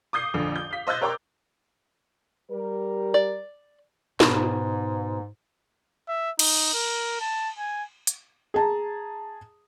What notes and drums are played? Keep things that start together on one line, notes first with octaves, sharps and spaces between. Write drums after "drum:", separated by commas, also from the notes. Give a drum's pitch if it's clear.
D6 D#6 G6 C7
A#1 F2 D3
G6
F5 B6
C5 D#5 E6 F#6 G6 A6
A#4 C#5 G5 A#5 C6 D6
G3 G4 A#4
D5
G#2 B2, drum: snare
E5
D#4, drum: cymbal
A#4
A5
G#5
drum: hi-hat
G#4 A5 A#5